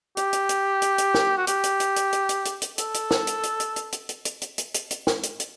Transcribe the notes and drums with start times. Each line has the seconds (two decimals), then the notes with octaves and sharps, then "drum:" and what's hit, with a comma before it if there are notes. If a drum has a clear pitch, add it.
0.17 G4, drum: hi-hat
0.33 drum: hi-hat
0.49 drum: hi-hat
0.82 drum: hi-hat
0.98 drum: hi-hat
1.14 drum: snare
1.37 F#4
1.47 G4, drum: hi-hat
1.64 drum: hi-hat
1.80 drum: hi-hat
1.96 drum: hi-hat
2.13 drum: hi-hat
2.29 drum: hi-hat
2.45 drum: hi-hat
2.62 drum: hi-hat
2.78 A4, drum: hi-hat
2.94 drum: hi-hat
3.11 drum: snare
3.27 drum: hi-hat
3.43 drum: hi-hat
3.60 drum: hi-hat
3.76 drum: hi-hat
3.92 drum: hi-hat
4.09 drum: hi-hat
4.25 drum: hi-hat
4.42 drum: hi-hat
4.58 drum: hi-hat
4.74 drum: hi-hat
4.91 drum: hi-hat
5.07 drum: snare
5.23 drum: hi-hat
5.40 drum: hi-hat